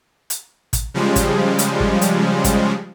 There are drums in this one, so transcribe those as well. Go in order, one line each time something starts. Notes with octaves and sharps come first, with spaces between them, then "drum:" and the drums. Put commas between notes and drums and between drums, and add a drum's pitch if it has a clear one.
drum: hi-hat
drum: kick, hi-hat
C#3 F3 G3 G#3
drum: kick, hi-hat
drum: hi-hat
drum: kick
drum: hi-hat
drum: kick, hi-hat